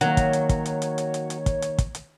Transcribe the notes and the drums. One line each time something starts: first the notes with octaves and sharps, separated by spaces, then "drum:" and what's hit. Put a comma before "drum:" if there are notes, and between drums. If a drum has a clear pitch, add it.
D#3 F#3 A#3 C#5, drum: hi-hat
drum: kick, hi-hat
drum: hi-hat
drum: kick, hi-hat
drum: hi-hat
drum: hi-hat
drum: hi-hat
drum: hi-hat
drum: hi-hat
drum: kick, hi-hat
drum: hi-hat
drum: kick, hi-hat
drum: hi-hat